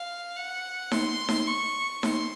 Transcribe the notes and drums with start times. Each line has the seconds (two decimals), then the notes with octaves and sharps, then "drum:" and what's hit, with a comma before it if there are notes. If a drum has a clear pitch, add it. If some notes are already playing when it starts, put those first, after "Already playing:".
Already playing: F5
0.36 F#5
0.92 C6, drum: snare D#4
1.29 drum: snare D#4
1.47 C#6
2.03 C6, drum: snare D#4